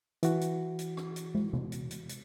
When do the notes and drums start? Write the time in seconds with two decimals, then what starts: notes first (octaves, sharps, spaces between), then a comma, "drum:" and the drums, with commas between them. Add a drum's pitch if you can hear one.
0.23 E3 F#4, drum: hi-hat
0.41 drum: hi-hat
0.79 drum: hi-hat
0.97 drum: rim click
1.16 drum: hi-hat
1.35 drum: tom
1.53 drum: tom C3
1.72 drum: hi-hat
1.91 drum: hi-hat
2.09 drum: hi-hat